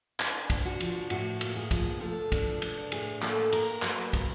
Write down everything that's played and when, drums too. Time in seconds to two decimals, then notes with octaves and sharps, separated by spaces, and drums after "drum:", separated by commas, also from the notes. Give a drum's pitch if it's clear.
0.20 D4, drum: clap
0.50 D4, drum: kick, cymbal
0.65 F#4
0.80 F3, drum: cymbal
1.10 A2 F#4, drum: cymbal
1.41 A#3, drum: cymbal
1.56 G#4
1.71 F3, drum: kick, cymbal
2.01 F3 A4
2.32 D4, drum: kick, cymbal
2.62 D4, drum: cymbal
2.92 A2 G#4, drum: cymbal
3.22 A#3 A4, drum: clap
3.52 A#3 A#4, drum: cymbal
3.82 F#3 B4, drum: clap
4.13 C#3, drum: kick, cymbal